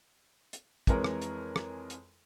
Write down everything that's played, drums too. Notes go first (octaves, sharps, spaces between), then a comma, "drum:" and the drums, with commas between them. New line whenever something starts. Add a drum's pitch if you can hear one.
drum: hi-hat
F2 E3 G#3 A#4 C#5, drum: kick, hi-hat
drum: rim click
drum: hi-hat
drum: rim click
drum: hi-hat